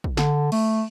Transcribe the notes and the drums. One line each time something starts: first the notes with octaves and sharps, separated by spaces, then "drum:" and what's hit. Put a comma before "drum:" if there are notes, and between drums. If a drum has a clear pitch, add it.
drum: kick
D3, drum: snare
A3, drum: cymbal